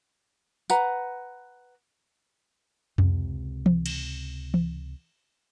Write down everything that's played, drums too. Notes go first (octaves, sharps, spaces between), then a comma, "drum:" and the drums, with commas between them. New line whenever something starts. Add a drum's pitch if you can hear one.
B4 F#5 A#5, drum: tambourine
C#2 C3, drum: tom F2
drum: tom E3
drum: cymbal
drum: tom E3